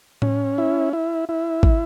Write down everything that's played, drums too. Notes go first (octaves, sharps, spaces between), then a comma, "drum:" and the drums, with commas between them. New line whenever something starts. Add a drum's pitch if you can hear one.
C#4, drum: tom A2
E4
E4
E4
drum: kick